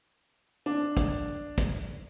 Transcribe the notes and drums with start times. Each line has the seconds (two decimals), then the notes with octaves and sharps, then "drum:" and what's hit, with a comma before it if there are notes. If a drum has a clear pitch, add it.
0.66 D4
0.97 drum: kick, hi-hat
1.58 drum: kick, hi-hat